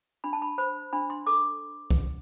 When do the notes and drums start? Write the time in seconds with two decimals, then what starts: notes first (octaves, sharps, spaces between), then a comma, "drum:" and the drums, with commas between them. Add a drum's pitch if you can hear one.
0.24 D4 B5
0.33 A5
0.42 B5
0.58 C5 B5
0.93 D4 B5
1.10 C6
1.26 A4 D6
1.90 drum: kick B1